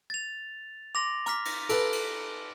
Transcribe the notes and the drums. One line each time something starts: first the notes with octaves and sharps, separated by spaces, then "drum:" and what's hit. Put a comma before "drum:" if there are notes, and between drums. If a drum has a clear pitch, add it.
A6 F7
C6 D6 A#6 F7
A#5 D6 F6 B6, drum: hi-hat
drum: cymbal
A4 B4 D7, drum: cymbal
drum: cymbal